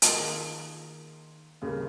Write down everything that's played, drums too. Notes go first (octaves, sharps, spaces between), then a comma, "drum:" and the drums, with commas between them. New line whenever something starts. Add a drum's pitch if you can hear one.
D#3 A#3 F4 G#4, drum: hi-hat
D#2 C#3 G3 A#3